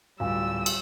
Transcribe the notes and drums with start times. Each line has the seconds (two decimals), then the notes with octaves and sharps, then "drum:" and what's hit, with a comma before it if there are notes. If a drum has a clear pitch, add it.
0.20 D1 G3 F4 F#4 F5 E6
0.66 drum: cymbal